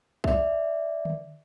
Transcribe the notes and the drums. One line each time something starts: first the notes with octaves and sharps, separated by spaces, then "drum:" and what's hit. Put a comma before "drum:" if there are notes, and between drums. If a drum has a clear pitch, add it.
D5 E5, drum: kick B1
drum: tom D3